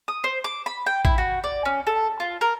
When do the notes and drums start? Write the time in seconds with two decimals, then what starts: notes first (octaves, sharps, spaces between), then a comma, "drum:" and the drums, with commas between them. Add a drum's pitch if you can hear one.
0.08 D#6
0.24 C5
0.44 D6
0.66 B5
0.86 G5
1.05 E4, drum: kick
1.18 F#4
1.44 D5
1.65 C#4
1.87 A4
2.20 F4
2.41 A#4